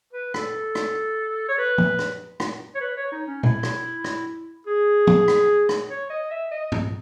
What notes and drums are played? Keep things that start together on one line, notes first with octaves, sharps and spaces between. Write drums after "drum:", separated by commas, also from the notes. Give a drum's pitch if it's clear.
B4
A4, drum: rim click
drum: rim click
C#5
B4
drum: tom
drum: rim click
drum: rim click
C#5
B4
C#5
D#4
C#4
E4, drum: tom B2
drum: rim click
drum: rim click
G#4
drum: tom
drum: rim click
drum: rim click
C#5
D#5
E5
D#5
drum: tom G2